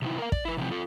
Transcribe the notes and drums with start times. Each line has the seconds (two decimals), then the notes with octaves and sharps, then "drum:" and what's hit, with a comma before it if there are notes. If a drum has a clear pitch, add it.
0.02 C3 E3 F#3 D#4 E4 C5
0.19 A#4 F5
0.32 D5, drum: kick
0.45 E4 B4
0.57 C3 E3 F3 C4
0.71 F4 A4